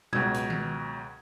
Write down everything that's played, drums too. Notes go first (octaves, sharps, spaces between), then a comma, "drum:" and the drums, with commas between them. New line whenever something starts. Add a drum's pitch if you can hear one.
C#2 B2 F#3 G#6, drum: tom
drum: hi-hat
drum: tom D#3